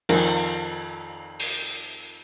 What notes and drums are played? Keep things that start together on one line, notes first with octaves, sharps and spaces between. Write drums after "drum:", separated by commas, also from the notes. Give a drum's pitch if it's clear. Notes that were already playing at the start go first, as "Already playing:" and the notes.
F2 D#3, drum: cymbal
drum: open hi-hat